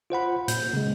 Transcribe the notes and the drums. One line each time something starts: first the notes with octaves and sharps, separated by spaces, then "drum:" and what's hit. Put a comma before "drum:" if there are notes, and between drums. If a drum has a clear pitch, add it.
F4 C5 F#5 B5
A#2 G6, drum: hi-hat
C#3 G#3